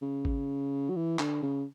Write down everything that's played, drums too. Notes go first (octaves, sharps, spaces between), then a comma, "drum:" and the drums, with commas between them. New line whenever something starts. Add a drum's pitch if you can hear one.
C#3
drum: kick G#1
F#3
E3
D3, drum: clap
C#3